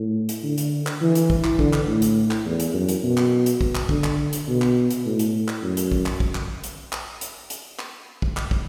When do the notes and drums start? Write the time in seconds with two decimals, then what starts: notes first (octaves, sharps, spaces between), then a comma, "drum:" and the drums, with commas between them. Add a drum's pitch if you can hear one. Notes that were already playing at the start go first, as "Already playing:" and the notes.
Already playing: A2
0.29 drum: hi-hat
0.44 D3
0.58 drum: hi-hat
0.87 drum: clap
1.01 E3
1.15 drum: hi-hat
1.30 drum: kick
1.44 drum: clap
1.59 D3, drum: kick
1.73 drum: clap
1.88 A2
2.02 drum: hi-hat
2.31 drum: clap
2.45 E2
2.60 drum: hi-hat
2.74 F#2
2.89 drum: hi-hat
3.03 B2
3.17 drum: clap
3.46 drum: hi-hat
3.61 drum: kick
3.75 drum: clap
3.89 D3, drum: kick
4.04 drum: clap
4.33 drum: hi-hat
4.48 B2
4.62 drum: clap
4.91 drum: hi-hat
5.05 A2
5.19 drum: hi-hat
5.48 drum: clap
5.63 F#2
5.77 drum: hi-hat
5.91 drum: kick
6.06 drum: clap
6.20 drum: kick
6.35 drum: clap
6.64 drum: hi-hat
6.92 drum: clap
7.21 drum: hi-hat
7.50 drum: hi-hat
7.79 drum: clap
8.22 drum: kick
8.37 drum: clap
8.51 drum: kick